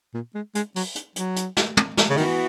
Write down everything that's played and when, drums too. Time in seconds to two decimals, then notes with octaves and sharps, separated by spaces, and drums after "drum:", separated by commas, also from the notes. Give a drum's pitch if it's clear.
0.14 A#2
0.35 G#3
0.55 G#3, drum: hi-hat
0.76 F#3, drum: open hi-hat
0.95 drum: hi-hat
1.16 F#3, drum: hi-hat
1.36 drum: hi-hat
1.57 drum: snare
1.77 drum: tom
1.97 drum: snare
2.10 C#3
2.17 D#3 E3 B3 F#4, drum: open hi-hat